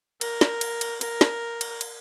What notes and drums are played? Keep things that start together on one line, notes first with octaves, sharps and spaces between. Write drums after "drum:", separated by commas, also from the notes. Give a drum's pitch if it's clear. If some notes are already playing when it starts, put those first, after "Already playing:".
A#4, drum: cymbal
drum: snare
drum: cymbal
drum: cymbal
A#4, drum: cymbal
drum: snare
drum: cymbal
drum: cymbal